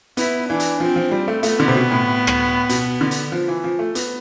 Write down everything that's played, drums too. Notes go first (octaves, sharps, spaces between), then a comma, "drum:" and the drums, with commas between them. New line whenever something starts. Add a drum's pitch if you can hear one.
B3 E4, drum: hi-hat
E3 D4
drum: hi-hat
F3 C4
F3
G3
A3
A3 B3, drum: hi-hat
D3
C3
B2
A2
drum: rim click
B2, drum: hi-hat
D3
drum: hi-hat
F3
E3
F3
A3
B3, drum: hi-hat